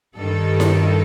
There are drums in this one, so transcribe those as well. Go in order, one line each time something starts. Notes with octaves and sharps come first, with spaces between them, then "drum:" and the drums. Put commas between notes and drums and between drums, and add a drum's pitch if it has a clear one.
G2 D#3 G3 A4
drum: snare E4